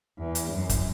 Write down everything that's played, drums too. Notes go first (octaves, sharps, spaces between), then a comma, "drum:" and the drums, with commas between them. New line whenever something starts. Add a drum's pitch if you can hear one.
E2
drum: hi-hat
F#2
drum: kick, hi-hat